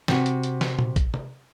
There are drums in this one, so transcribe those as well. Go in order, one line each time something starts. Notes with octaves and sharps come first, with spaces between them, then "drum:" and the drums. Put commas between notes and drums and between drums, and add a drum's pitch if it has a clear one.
C3 F#4, drum: snare
drum: hi-hat
drum: hi-hat
drum: snare
drum: tom A#2
drum: kick A#1, hi-hat
drum: tom C3